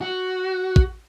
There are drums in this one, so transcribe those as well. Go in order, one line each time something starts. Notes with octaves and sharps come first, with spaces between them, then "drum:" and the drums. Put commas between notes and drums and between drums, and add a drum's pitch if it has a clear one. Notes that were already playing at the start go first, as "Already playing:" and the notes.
F#4
drum: kick